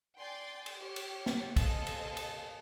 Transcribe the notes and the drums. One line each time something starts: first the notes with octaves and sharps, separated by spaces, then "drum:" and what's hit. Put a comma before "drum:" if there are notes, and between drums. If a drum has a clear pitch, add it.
D5 G5 G#5 C6 G6 A6
drum: cymbal
G4 C#5
drum: cymbal
drum: snare
A4 C5 D#5 F5 G#5 A5, drum: kick, cymbal
drum: cymbal
drum: cymbal